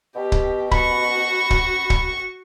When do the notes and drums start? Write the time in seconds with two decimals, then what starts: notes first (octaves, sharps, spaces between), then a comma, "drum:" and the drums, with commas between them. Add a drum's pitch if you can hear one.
0.15 B2 G4
0.32 drum: kick C#1
0.71 F#4 B5 C#6, drum: kick C#1
1.50 drum: kick C#1
1.90 drum: kick C#1